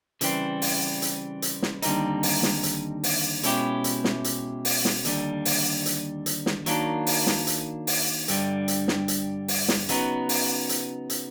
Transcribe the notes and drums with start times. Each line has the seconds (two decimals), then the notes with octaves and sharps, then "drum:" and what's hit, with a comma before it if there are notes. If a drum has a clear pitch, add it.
0.21 C#3 E3 G3 C4, drum: hi-hat
0.62 drum: open hi-hat
1.02 drum: hi-hat
1.42 drum: hi-hat
1.62 drum: snare
1.82 D#2 D3 G3 C4 D#4, drum: hi-hat
2.23 drum: open hi-hat
2.43 drum: snare
2.63 drum: hi-hat
3.04 drum: open hi-hat
3.43 B2 G#3 C#4 E4 G4, drum: hi-hat
3.84 drum: hi-hat
4.04 drum: snare
4.24 drum: hi-hat
4.65 drum: open hi-hat
4.85 drum: snare
5.05 D#2 D3 G3, drum: hi-hat
5.45 drum: open hi-hat
5.86 drum: hi-hat
6.26 drum: hi-hat
6.46 drum: snare
6.66 D#3 F#3 A#3 D4, drum: hi-hat
7.07 drum: open hi-hat
7.27 drum: snare
7.47 drum: hi-hat
7.87 drum: open hi-hat
8.28 G2 D3 G3, drum: hi-hat
8.68 drum: hi-hat
8.88 drum: snare
9.08 drum: hi-hat
9.48 drum: open hi-hat
9.69 drum: snare
9.89 C#3 F#3 B3 D#4, drum: hi-hat
10.29 drum: open hi-hat
10.69 drum: hi-hat
11.10 drum: hi-hat